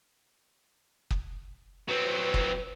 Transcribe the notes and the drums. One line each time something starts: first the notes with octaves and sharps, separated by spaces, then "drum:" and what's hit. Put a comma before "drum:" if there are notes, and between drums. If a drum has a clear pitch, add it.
drum: kick
F#3 C4 B4
drum: kick